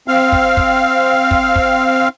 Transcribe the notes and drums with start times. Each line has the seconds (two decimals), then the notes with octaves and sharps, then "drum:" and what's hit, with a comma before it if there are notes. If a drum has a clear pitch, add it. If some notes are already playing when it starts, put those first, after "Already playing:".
0.08 C4 F5
0.32 drum: kick
0.57 drum: kick
1.31 drum: kick
1.56 drum: kick